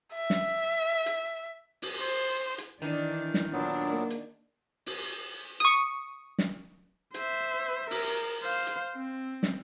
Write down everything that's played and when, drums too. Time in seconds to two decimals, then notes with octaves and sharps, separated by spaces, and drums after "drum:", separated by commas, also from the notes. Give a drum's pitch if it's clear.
0.15 E5
0.30 drum: snare
1.06 drum: hi-hat
1.82 drum: open hi-hat
2.00 C5
2.58 drum: hi-hat
2.82 D#3 E3 D4
3.34 drum: snare
3.53 A#2 F#3 B3 D4
3.91 A#3
4.10 drum: hi-hat
4.86 drum: open hi-hat
5.60 C#6 D#6, drum: hi-hat
6.38 drum: snare
7.14 C5 E5, drum: hi-hat
7.91 A#4, drum: open hi-hat
8.43 C5 F5
8.67 drum: hi-hat
8.97 C4
9.43 drum: snare